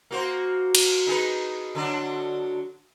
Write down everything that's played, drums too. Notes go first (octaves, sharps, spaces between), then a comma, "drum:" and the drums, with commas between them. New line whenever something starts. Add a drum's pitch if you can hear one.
A#3 F#4 C5
drum: cymbal
D#4 G#4 B4
D3 F#3 D4